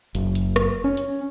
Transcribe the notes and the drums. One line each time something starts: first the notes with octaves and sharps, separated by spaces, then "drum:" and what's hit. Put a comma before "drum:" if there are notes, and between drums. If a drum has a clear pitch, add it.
F#1, drum: hi-hat
drum: hi-hat
drum: rim click
C#4
drum: hi-hat